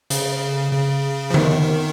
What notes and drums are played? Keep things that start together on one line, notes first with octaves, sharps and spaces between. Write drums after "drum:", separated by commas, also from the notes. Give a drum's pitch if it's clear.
C#3, drum: hi-hat
C#3
F3
D#3, drum: tom D3